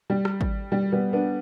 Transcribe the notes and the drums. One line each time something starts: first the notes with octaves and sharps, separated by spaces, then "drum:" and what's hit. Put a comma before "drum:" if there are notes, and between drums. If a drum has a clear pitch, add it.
G3
drum: rim click
drum: kick G#1
G3
G3 B3
B3 D4